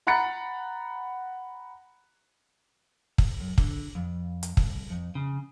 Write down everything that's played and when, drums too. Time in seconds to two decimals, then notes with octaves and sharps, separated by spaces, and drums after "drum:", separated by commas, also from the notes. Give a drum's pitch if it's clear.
0.07 F#5 A#5 B5 F#6 A6 C#7
3.18 drum: kick
3.40 F#2
3.58 D3, drum: kick
3.95 F2
4.43 drum: hi-hat
4.57 C2, drum: kick
4.90 F2
5.15 C#3